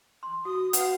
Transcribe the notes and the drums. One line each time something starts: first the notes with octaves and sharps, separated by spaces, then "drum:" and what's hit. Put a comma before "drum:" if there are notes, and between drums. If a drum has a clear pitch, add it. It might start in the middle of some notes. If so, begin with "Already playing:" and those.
C6
F#4 D#6
F#4 B4 F5 F#5, drum: hi-hat